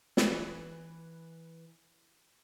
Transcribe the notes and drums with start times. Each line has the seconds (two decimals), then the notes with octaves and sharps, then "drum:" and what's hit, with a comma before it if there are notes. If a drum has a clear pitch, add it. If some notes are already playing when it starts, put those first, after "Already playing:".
0.17 E3 B4, drum: snare